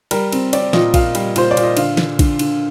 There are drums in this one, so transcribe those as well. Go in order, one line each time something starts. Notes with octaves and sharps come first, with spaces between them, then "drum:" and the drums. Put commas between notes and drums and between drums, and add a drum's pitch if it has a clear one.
G3 A#4, drum: cymbal
C4, drum: cymbal
C4 D5, drum: cymbal
A#2 D#5, drum: snare
A#2 F5, drum: kick, cymbal
G3, drum: cymbal
A#2 C5, drum: cymbal
D5
A#2, drum: cymbal
D#5
D3 F5, drum: cymbal
D3, drum: snare
D3, drum: kick, cymbal
D3, drum: cymbal